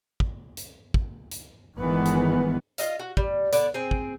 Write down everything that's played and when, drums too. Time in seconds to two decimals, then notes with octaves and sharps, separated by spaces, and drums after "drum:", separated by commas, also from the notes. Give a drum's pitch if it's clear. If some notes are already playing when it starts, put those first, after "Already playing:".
0.20 drum: kick
0.57 drum: hi-hat
0.94 drum: kick
1.31 drum: hi-hat
1.77 G1 G2 D#3 E3 G#3 B3
2.06 drum: hi-hat
2.78 F4 F#4 D#5 F5, drum: hi-hat
2.99 F#4
3.17 G3, drum: kick
3.53 D3 B3 C#5 D5, drum: hi-hat
3.74 C4 G#4
3.91 drum: kick